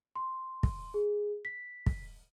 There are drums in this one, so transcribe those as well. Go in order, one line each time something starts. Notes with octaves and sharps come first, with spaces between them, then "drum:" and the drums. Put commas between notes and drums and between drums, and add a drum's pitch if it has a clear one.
C6
drum: kick
G#4
B6
drum: kick